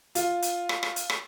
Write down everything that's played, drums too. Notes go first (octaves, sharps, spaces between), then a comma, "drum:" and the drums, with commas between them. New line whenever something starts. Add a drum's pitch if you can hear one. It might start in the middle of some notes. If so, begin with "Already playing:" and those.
F4, drum: hi-hat
drum: hi-hat
drum: rim click
drum: rim click
drum: hi-hat
drum: rim click